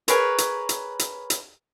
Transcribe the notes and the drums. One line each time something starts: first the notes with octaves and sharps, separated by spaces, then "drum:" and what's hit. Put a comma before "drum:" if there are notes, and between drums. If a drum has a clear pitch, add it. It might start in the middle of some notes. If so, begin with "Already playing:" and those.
G#4 A#4 B4 C#5, drum: hi-hat
drum: hi-hat
drum: hi-hat
drum: hi-hat
drum: hi-hat